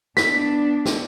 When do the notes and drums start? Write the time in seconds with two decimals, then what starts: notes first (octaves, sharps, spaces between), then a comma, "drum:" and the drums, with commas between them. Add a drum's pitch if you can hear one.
0.17 B3 D4 B6, drum: snare
0.85 drum: snare